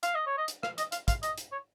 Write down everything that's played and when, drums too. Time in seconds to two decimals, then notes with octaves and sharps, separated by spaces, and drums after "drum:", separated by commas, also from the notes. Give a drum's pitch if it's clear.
0.03 F5, drum: hi-hat
0.15 D#5
0.26 C#5
0.38 D#5
0.48 drum: hi-hat
0.63 F5, drum: rim click
0.78 D#5, drum: hi-hat
0.92 F5, drum: hi-hat
1.08 F5, drum: kick, hi-hat
1.23 D#5, drum: hi-hat
1.38 drum: hi-hat
1.52 C#5